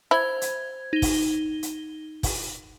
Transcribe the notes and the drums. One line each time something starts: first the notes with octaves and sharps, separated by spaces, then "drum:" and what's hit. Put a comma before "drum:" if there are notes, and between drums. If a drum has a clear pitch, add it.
E4 C5 G#6
drum: hi-hat
D#4 G7
drum: kick, open hi-hat
drum: hi-hat
drum: kick, open hi-hat